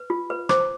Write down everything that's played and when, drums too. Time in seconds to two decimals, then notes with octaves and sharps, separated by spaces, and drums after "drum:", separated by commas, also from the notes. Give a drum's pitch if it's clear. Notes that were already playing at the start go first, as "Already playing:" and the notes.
Already playing: B4
0.10 F4
0.30 B4
0.49 C5 D6, drum: rim click